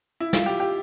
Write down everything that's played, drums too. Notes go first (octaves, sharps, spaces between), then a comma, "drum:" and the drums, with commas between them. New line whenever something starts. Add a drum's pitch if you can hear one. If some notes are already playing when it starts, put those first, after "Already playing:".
E4
F4, drum: snare
G4
G4